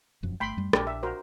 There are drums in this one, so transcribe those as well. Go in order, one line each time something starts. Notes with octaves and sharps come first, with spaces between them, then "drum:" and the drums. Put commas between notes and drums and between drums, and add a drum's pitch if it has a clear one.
E1 F#2 F3
G1 A3 G5 B5 C6
F#2 G3 A3
A#1 D4 G4 A#4, drum: rim click
E5
F#4 A#4 C5